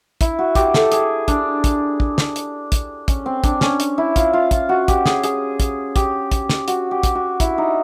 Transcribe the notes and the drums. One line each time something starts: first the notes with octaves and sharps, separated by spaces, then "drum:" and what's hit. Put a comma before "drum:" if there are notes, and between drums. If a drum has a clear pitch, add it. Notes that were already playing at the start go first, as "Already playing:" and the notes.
E4, drum: kick, hi-hat
F#4
G4, drum: kick, hi-hat
A4, drum: snare
G#4, drum: hi-hat
D4, drum: kick, hi-hat
drum: kick, hi-hat
drum: kick
drum: snare
drum: hi-hat
drum: kick, hi-hat
C#4, drum: kick, hi-hat
C4
D4, drum: kick, hi-hat
C#4, drum: snare
drum: hi-hat
E4
F4, drum: kick, hi-hat
F4
F4, drum: kick, hi-hat
F#4
G4, drum: kick, hi-hat
G#4, drum: snare
G#4, drum: hi-hat
drum: kick, hi-hat
G4, drum: kick, hi-hat
drum: kick, hi-hat
drum: snare
F#4, drum: hi-hat
G4
drum: kick, hi-hat
F#4
E4, drum: kick, hi-hat
D#4